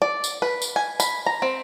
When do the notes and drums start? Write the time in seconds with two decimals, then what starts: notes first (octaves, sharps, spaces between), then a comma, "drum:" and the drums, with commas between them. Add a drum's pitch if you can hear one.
0.02 D5
0.24 drum: tambourine
0.42 B4
0.62 drum: tambourine
0.76 G#5
1.00 B5, drum: tambourine
1.26 A#5
1.42 C4